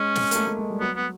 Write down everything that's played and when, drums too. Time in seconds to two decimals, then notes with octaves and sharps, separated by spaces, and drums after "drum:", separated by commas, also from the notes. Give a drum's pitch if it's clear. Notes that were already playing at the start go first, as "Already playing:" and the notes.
Already playing: G#3 C#4
0.15 drum: snare
0.31 A#3, drum: hi-hat
0.35 A3
0.47 A3
0.59 G#3
0.70 G3
0.80 F#3 B3
0.96 B3